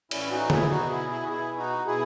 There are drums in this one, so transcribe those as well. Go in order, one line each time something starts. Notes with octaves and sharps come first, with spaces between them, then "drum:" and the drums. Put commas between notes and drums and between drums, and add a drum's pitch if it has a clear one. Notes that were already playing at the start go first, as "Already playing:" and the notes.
A2 E3 C#4 E4, drum: cymbal
D#4 F#4
E4 G#4, drum: tom D3
B2 D#4 F#4
E4 G#4
E4 G#4
F#4
B2 E4 G#4
D#4 F#4
B2 E4 G#4